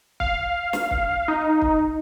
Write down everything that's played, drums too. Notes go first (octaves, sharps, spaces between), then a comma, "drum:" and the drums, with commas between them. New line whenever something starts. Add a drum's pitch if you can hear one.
F5, drum: kick
drum: snare
drum: kick
D#4
drum: kick